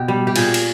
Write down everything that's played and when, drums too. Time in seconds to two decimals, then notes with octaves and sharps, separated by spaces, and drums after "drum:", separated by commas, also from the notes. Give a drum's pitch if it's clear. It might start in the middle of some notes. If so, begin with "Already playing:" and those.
Already playing: B2 G4
0.08 G3
0.27 G4
0.36 A#2 G#4, drum: cymbal
0.54 drum: cymbal